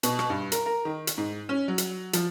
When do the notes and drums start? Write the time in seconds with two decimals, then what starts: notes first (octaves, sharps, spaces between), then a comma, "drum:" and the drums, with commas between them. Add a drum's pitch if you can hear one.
0.03 B2, drum: hi-hat
0.19 drum: rim click
0.30 G2
0.52 A#4, drum: hi-hat
0.66 A#4
0.85 D#3
1.07 drum: hi-hat
1.18 G#2
1.49 C#4
1.68 F#3
1.78 drum: hi-hat
2.13 F3, drum: hi-hat